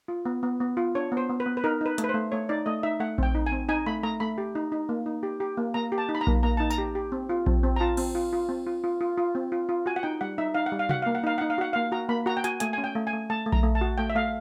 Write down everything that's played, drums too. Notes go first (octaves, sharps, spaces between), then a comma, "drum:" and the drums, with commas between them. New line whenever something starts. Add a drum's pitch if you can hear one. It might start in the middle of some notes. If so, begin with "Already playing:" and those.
F4
B3
B3
B3
F4
D4 C#5
B3
C5
B3
B4
B3
B4
D#4 A#4
D#4 B4
A3, drum: hi-hat
B4
C5
A3
A3 C#5
D#4 D5
A3 D#5
D#4 E5
A3 F#5
C4 G5, drum: kick A#1
D#4
G#5
C4
D#4 G#5
A3 B5
A3 A#5
A3 B5
G4
D#4
D#4
A#3
D#4
G4
G4
A#3
A#3 A#5
G4
A5
D#4
B5
A#5
A#3, drum: kick A#1
A#3 A#5
D#4 A5
A#5, drum: tambourine
G4
G4
C4
F4
C4, drum: kick A#1
C4
A#5
F4 A5
C4, drum: cymbal
F4
F4
C4
F4
F4
F4
F4
C4
F4
F4
F#4 G#5
F#5
D#4 G5
G3 F#5
D#4 E5
D#4 F5
F#5
G3
F5
F#4 F#5, drum: tom C3
A#3 F5
F#5
D#4 F5
D#4 F#5
F5
F#4 F#5
F5
A#3
F#4 A#5
A#3 B5
F#4 A#5
G5
F#4 G#5, drum: hi-hat
A3 G#5, drum: hi-hat
C#4 G#5
G5
A3
G#5
A3
A3 A5
A3
A#5, drum: kick A#1
A3
A5
F#4
A3 G5
E5
A3 F5